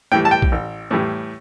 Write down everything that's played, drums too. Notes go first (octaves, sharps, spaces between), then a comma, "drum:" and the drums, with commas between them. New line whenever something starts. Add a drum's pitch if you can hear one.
A2 E3 G3 G5
A5
G5
drum: kick A#1
A1
A2 E3 G3